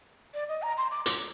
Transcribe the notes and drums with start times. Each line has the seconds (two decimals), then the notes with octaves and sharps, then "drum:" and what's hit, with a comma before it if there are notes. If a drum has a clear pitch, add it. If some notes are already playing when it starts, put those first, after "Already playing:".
0.34 D5
0.49 D#5
0.62 A#5
0.78 C6
0.91 D6
1.06 D6, drum: hi-hat